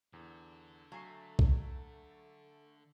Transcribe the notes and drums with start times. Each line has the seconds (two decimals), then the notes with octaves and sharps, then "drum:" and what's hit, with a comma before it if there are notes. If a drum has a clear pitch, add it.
0.13 E2 D3
0.92 F#3 A3 F5 G#5 C7
1.39 drum: kick C2